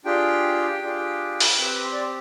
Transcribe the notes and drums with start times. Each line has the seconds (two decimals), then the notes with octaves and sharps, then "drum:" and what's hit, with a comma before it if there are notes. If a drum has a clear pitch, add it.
0.05 D4 F4 G4 G#4 G5
0.82 D4 F4 G#4
1.40 drum: open hi-hat
1.58 C4 G4 B4
1.84 C5
1.92 D5
2.00 C5